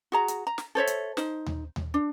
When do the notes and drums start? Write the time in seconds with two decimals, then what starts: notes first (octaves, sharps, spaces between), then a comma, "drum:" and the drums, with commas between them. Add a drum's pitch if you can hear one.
0.12 F#4 G#4 A#5
0.28 drum: hi-hat
0.47 A#5
0.58 drum: snare
0.75 A4 C5 C#5 E5
0.87 drum: hi-hat
1.17 D#4 C5, drum: snare
1.46 drum: tom D#2
1.76 drum: tom D#2
1.94 D4